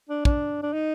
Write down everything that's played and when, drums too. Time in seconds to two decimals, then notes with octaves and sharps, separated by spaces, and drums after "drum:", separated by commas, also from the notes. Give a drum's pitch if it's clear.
0.09 D4
0.25 D4, drum: kick
0.63 D4
0.73 D#4